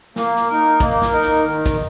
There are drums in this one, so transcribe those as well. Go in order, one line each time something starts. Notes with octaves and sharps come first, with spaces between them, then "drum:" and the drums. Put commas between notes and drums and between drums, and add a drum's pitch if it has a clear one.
A#3, drum: snare
drum: hi-hat
D#4 A#4
A#3, drum: kick, hi-hat
drum: snare
D#4 A#4
drum: hi-hat
D#3
drum: kick, hi-hat